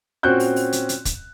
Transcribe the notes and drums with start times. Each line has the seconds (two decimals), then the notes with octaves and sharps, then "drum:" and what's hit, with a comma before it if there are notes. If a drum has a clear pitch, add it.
0.23 A#2 C4 C#4 F#4 F#6 G6
0.40 drum: open hi-hat
0.56 drum: open hi-hat
0.72 drum: hi-hat
0.89 drum: hi-hat
1.05 drum: kick, hi-hat